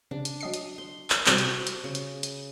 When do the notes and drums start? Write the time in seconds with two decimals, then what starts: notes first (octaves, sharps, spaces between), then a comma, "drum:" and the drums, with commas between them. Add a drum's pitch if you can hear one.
0.11 C#3 D4
0.25 drum: hi-hat
0.41 F#3 D#5 C7
0.54 drum: hi-hat
0.78 C6
1.10 drum: clap
1.26 C3 G3 C4 F#4 C5, drum: clap
1.38 drum: hi-hat
1.67 drum: hi-hat
1.84 C#3
1.95 drum: hi-hat
2.23 drum: hi-hat